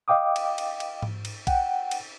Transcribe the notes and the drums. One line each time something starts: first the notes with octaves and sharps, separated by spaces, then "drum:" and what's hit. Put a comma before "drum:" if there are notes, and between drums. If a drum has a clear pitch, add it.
D#5 F5 G5 D6 D#6
drum: cymbal
drum: cymbal
drum: cymbal
drum: tom G#2
drum: cymbal
F#5 G5, drum: kick A#1, cymbal
drum: cymbal